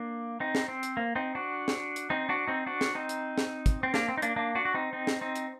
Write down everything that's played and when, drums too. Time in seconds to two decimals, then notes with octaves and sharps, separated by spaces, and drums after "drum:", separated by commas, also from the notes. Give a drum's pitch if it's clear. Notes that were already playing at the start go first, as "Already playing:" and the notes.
Already playing: A#3 D4
0.40 C4 D#4
0.55 drum: snare
0.68 C4
0.83 drum: hi-hat
0.97 A#3
1.16 C4 D#4
1.35 D4 F#4
1.68 drum: snare
1.96 drum: hi-hat
2.10 C4 D#4
2.29 D4 F#4
2.48 C4 D#4
2.66 D4 F#4
2.81 drum: snare
2.95 C4 D#4
3.09 drum: hi-hat
3.38 drum: snare
3.66 drum: kick, hi-hat
3.83 C4
3.94 A#3 D4, drum: snare
4.09 C4
4.18 D#4
4.22 A#3 D4, drum: hi-hat
4.36 A#3 D4
4.55 D4 F#4
4.65 F#4
4.74 C4 D#4
4.93 C4 D#4
5.07 drum: snare
5.21 C4 D#4
5.36 drum: hi-hat